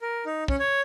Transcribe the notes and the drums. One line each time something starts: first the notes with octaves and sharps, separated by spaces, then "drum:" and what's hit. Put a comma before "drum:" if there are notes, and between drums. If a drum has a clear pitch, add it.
A#4
D#4
C#4, drum: kick
C#5